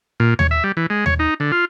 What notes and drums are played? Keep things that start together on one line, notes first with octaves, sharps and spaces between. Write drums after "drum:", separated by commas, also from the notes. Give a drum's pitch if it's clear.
A#2
C#5, drum: tom D#2
E5
G3
E3
G#3
C#5, drum: tom D#2
D#4
D3
F4